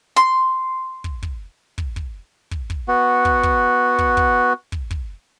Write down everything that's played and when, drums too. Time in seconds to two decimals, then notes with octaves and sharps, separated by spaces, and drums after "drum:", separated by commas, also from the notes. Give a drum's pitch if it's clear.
0.17 C6
1.04 drum: kick
1.23 drum: kick
1.78 drum: kick
1.96 drum: kick
2.51 drum: kick
2.70 drum: kick
2.88 B3 F#4
3.25 drum: kick
3.43 drum: kick
3.99 drum: kick
4.17 drum: kick
4.72 drum: kick
4.91 drum: kick